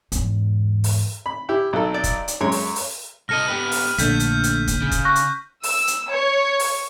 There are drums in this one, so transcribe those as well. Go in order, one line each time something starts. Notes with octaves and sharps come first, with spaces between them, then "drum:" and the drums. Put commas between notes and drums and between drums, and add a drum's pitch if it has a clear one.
E2 G#2, drum: hi-hat
drum: open hi-hat
B5
E4 G4
B1 A4
D5
drum: kick, hi-hat
drum: hi-hat
F#2 G#3 C#5
drum: open hi-hat
drum: open hi-hat
C2 A4 D#5 F6 A#6 D#7
B3 G4 B4
drum: open hi-hat
A#1 D3 A3 G6 B6, drum: hi-hat
drum: hi-hat
drum: hi-hat
drum: kick, hi-hat
C#3
drum: kick, hi-hat
C#6 F#6 A#6
drum: hi-hat
E6, drum: open hi-hat
drum: hi-hat
C#5
drum: open hi-hat